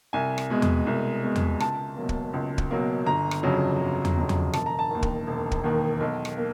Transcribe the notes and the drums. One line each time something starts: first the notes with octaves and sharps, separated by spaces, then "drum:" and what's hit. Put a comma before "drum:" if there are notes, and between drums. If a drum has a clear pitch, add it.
C2 G#5
drum: rim click
B2 G#3
drum: tom E2
C2
B2 G#3
drum: tom E2
C#2 A5, drum: rim click
B2 F#3 A#3
drum: kick
C#2
drum: kick
B2 F#3 A#3
G1 A#5
drum: rim click
F2 C#3 F#3
G1
drum: tom E2
F2 C#3 F#3
drum: tom E2
E1 A5, drum: rim click
A#5
A5
D#2 D#3
drum: kick
E1
drum: kick
D#2 D#3
B1
drum: rim click
A#3